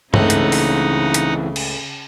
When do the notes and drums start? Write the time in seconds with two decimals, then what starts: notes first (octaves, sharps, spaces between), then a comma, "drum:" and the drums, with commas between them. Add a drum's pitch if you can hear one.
0.14 C#2 A2 C#3 E3 C4 D#4 F#5, drum: tom G2
0.30 drum: hi-hat
0.52 drum: open hi-hat
1.14 drum: hi-hat
1.56 drum: cymbal